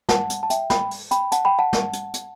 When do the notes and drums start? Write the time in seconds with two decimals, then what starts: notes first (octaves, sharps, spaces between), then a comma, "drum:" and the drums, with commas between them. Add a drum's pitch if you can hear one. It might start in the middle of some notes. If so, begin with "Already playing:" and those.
0.09 F#5 A5, drum: snare
0.30 drum: hi-hat
0.43 A5
0.50 E5 G5, drum: hi-hat
0.70 G5 B5, drum: snare
0.91 drum: open hi-hat
1.11 G5 B5, drum: hi-hat
1.32 F#5 A5, drum: hi-hat
1.45 G5 B5
1.59 F#5 A5
1.73 drum: snare
1.93 drum: hi-hat
2.14 drum: hi-hat